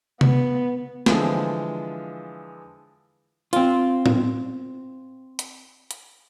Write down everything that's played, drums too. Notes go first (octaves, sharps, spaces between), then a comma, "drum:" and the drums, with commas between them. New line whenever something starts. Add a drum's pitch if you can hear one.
B3, drum: tom C3
D3 E3 F3 G#3 F4, drum: snare
C4 F4, drum: hi-hat
drum: tom
drum: hi-hat
drum: hi-hat